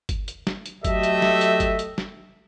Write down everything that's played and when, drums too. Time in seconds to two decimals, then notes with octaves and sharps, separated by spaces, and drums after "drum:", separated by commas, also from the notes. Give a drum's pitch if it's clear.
0.09 drum: kick G1, hi-hat
0.28 drum: hi-hat
0.47 drum: snare
0.66 drum: hi-hat
0.85 F#3 A3 G4 A4 D#5 E5, drum: kick G1, hi-hat
1.03 drum: hi-hat
1.22 drum: snare
1.41 drum: hi-hat
1.60 drum: kick G1, hi-hat
1.79 drum: hi-hat
1.98 drum: snare